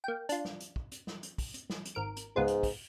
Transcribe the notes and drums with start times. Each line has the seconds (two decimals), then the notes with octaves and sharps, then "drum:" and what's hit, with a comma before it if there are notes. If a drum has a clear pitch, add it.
0.04 A#3 G5
0.29 D4 F4, drum: hi-hat
0.45 drum: snare
0.60 drum: hi-hat
0.76 drum: kick
0.92 drum: hi-hat
1.07 drum: snare
1.23 drum: hi-hat
1.38 drum: kick, open hi-hat
1.54 drum: hi-hat
1.70 drum: snare
1.85 drum: hi-hat
1.95 G#1 A#4 D7
2.16 drum: hi-hat
2.36 C#2 G#2 B3 F4
2.48 drum: hi-hat
2.63 drum: kick, open hi-hat